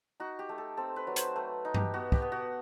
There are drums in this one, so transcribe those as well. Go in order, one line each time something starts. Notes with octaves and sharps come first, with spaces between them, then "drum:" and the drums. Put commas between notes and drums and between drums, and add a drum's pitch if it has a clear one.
D#4 F#4
G4
A3
A4
C4 A4
B4
F#3
C5, drum: hi-hat
A3 B4
D#4
G4, drum: tom G2
B3 F#4
G4, drum: kick
B3
F#4